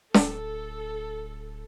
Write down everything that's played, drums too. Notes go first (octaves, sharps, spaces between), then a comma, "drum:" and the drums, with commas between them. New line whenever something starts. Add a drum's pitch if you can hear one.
D1 A4, drum: snare